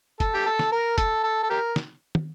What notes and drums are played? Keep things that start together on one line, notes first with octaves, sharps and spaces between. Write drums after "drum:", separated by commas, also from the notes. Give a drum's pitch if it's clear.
A4, drum: kick, hi-hat
G4
A4
drum: snare
A#4
A4, drum: kick, hi-hat
A4
A4
G4 A#4
drum: snare
drum: tom